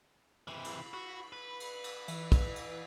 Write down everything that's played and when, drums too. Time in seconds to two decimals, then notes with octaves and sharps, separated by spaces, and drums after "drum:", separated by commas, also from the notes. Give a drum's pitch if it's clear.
0.48 C3 E3 B5
0.64 drum: cymbal
0.93 F#4
1.32 B4
1.60 drum: cymbal
1.84 drum: cymbal
2.08 E3, drum: cymbal
2.32 drum: kick, cymbal
2.56 drum: cymbal